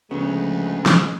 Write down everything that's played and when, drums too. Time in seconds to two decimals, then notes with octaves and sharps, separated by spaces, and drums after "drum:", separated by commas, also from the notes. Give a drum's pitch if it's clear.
0.11 D2 C#3 F3 G#3 A3 B3 B4
0.86 drum: snare